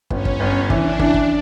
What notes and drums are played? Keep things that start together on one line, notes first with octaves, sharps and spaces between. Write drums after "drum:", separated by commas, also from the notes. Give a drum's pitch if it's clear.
G1 C#4, drum: kick
drum: kick
G1
E3 D4, drum: kick
E3, drum: kick
drum: kick